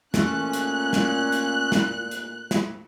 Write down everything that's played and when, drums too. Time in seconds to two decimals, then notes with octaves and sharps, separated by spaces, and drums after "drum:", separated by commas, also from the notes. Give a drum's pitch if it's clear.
0.14 A#2 A3 C#4 F#6, drum: snare
0.53 drum: hi-hat
0.93 drum: snare
1.32 drum: hi-hat
1.72 drum: snare
2.11 drum: hi-hat
2.51 drum: snare